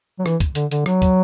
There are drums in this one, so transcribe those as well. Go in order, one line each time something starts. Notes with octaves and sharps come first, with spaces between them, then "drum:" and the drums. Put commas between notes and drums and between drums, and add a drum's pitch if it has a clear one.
F#3
E3, drum: rim click
drum: kick, hi-hat
D3, drum: hi-hat
D3, drum: hi-hat
F#3, drum: rim click
drum: kick, hi-hat